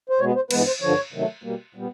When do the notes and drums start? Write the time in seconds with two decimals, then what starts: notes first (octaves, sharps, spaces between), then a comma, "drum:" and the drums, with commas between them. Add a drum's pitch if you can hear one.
0.09 C5
0.20 B2 G#3 B3 C#5
0.35 C5
0.51 G2 E3 G#3 B3 B4, drum: cymbal
0.66 C5
0.82 G2 D3 F3 C#5
1.13 C3 D#3 F#3 A3
1.44 B2 G3 A#3
1.75 A#2 G3 B3